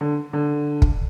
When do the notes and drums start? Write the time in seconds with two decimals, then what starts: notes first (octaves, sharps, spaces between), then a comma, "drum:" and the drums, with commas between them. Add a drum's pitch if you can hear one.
0.01 D3
0.33 D3
0.82 drum: kick